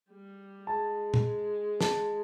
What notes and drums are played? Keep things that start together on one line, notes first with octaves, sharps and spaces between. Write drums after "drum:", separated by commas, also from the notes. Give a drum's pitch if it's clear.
G3
G#3 A5
drum: tom
A5, drum: snare